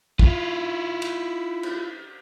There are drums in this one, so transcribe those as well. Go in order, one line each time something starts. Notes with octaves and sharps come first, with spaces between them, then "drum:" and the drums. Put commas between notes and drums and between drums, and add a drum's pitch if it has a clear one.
E4 F4, drum: kick
drum: cymbal
drum: cymbal